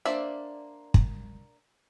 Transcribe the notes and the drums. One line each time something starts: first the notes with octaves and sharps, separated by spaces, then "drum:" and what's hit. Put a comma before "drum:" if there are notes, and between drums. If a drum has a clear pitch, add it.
A#3 D4 C5 D5 E5
drum: kick